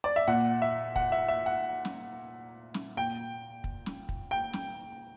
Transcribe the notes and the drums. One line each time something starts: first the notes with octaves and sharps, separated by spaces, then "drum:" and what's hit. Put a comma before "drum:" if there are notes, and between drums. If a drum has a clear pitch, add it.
D5
E5
A#2 F#5
E5
F#5, drum: kick
E5
E5
F#5
drum: snare
drum: snare
A#2 G5
drum: kick
drum: snare
drum: kick
G5
drum: snare